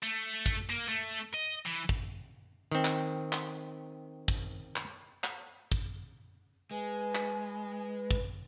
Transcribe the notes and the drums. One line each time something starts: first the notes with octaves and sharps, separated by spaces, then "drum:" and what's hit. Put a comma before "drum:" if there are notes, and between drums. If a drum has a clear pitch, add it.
A3
drum: kick
A#3
A3
D#5
E3
drum: kick
D#3 C4
drum: clap
drum: clap
drum: kick
drum: clap
drum: clap
drum: kick
G#3 B4 G#5
drum: clap
drum: kick